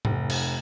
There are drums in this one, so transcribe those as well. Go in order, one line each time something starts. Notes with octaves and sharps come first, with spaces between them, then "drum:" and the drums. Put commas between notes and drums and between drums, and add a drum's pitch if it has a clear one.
F1, drum: tom G#2
drum: cymbal